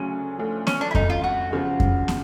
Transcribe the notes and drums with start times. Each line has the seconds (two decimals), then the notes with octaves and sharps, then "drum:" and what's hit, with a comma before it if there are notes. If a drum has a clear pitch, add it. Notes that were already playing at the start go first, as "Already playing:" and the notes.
Already playing: D2 C#3 F#3 C#4
0.38 D2 D3 F3 A3
0.67 C#4, drum: snare
0.81 D4
0.91 E4
0.95 G#1 F#2 D3 D#4, drum: kick F2
1.10 F4
1.24 F#4
1.52 E2 C#3 F3
1.80 drum: kick F2
2.08 drum: snare